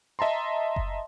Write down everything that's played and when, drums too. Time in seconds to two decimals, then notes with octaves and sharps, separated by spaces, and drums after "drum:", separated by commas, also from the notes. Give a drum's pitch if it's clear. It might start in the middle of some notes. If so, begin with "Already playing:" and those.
0.19 D#5 E5 A5 A#5 C6
0.76 drum: kick F#1